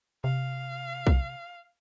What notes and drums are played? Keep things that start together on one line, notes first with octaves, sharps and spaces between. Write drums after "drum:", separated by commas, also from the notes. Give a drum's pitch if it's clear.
C3 F5
drum: kick